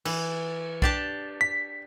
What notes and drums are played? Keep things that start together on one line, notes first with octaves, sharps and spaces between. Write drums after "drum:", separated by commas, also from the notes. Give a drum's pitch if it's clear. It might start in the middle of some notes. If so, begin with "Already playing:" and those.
E3, drum: cymbal
D4 G4 A5, drum: kick B1
B6